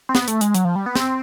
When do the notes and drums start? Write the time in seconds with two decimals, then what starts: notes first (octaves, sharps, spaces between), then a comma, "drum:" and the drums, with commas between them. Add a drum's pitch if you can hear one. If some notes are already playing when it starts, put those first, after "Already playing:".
0.09 C4
0.15 B3, drum: snare
0.28 A3, drum: hi-hat
0.41 G#3, drum: hi-hat
0.54 F#3, drum: hi-hat
0.65 F3
0.76 G3
0.86 B3
0.96 C4, drum: snare